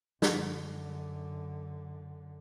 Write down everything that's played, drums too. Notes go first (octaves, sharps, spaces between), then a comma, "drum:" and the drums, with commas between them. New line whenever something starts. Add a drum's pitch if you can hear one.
F#2 D3, drum: snare